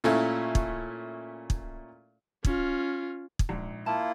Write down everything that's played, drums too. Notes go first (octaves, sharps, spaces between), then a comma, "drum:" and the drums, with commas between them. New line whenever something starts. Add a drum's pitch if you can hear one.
A#2 A3 C#4 E4
drum: kick
drum: kick
C#4 F4, drum: kick
drum: kick
A#1 G#2
A#3 E4 F4 A5